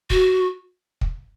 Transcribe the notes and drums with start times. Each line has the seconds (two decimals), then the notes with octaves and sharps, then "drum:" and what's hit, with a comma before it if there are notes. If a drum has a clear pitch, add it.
0.10 F#4, drum: kick
1.01 drum: kick